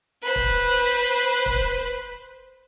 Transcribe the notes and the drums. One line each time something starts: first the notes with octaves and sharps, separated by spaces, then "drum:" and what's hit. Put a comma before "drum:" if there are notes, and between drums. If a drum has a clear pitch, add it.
B4 C5
drum: kick
drum: kick